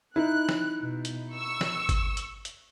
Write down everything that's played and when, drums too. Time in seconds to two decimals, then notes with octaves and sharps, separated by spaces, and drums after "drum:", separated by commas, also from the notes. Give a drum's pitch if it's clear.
0.16 D#4 E4 F#6
0.49 drum: snare
0.82 B2
1.05 drum: hi-hat
1.33 C#6 E6
1.61 drum: snare
1.89 drum: kick G1, hi-hat
2.17 drum: hi-hat
2.45 drum: hi-hat